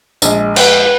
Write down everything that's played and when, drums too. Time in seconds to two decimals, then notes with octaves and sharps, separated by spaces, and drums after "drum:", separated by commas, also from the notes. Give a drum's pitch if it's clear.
0.22 A#1 G#3, drum: tambourine
0.56 B4, drum: cymbal